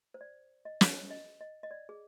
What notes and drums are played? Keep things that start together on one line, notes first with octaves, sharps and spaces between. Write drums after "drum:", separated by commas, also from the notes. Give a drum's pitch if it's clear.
C5
D5
D#5
drum: snare
D#5
D#5
D#5
D5
G#4